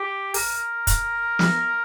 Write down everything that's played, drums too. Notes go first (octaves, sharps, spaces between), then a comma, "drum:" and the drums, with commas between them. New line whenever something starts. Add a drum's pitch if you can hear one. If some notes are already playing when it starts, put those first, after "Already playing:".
Already playing: G4
A#4, drum: open hi-hat
drum: kick, hi-hat
drum: snare